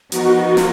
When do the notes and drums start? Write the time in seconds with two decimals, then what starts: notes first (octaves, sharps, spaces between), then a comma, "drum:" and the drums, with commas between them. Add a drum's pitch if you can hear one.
0.12 F3 B3 D#4 F#4 A#4, drum: hi-hat
0.23 F#4
0.35 F#4
0.46 F#4
0.57 F4, drum: snare